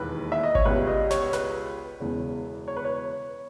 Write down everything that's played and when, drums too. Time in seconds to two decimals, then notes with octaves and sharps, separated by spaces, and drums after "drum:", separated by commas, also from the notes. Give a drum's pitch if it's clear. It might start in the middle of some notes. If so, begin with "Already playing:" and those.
Already playing: E1 D#2 E3 B4
0.32 E5
0.44 D#5
0.55 C#5, drum: kick G#1
0.65 C#2 B2 G3 B4
0.87 D#5
1.11 C#5, drum: snare
1.33 B4, drum: snare
2.00 E1 E2 C#3
2.68 C#5
2.76 B4
2.85 C#5